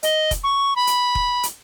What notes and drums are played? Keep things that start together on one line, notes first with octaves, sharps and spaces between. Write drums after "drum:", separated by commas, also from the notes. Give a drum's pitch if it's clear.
D#5, drum: hi-hat
drum: kick F1, hi-hat
C#6
B5
drum: hi-hat
drum: kick F1
drum: hi-hat